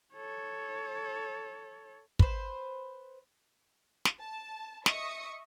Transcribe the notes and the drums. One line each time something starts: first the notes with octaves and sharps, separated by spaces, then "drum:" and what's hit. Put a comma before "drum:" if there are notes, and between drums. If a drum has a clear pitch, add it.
A4 C#5
B4 C5, drum: kick
drum: snare
A5
D#5 E5 C#6 D#6 C#7, drum: snare